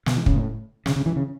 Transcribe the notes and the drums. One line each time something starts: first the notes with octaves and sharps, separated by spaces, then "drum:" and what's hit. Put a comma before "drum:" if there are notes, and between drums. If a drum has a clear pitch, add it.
B2, drum: snare
E3
C#3, drum: kick
A2
C#3, drum: snare
C#3
E3
C#3